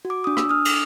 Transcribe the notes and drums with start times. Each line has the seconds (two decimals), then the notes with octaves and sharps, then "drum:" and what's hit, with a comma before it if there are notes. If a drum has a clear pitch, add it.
0.05 F#4
0.10 D6
0.24 D4 D#6
0.37 E6, drum: rim click
0.49 D4 D#6 F6
0.65 drum: cymbal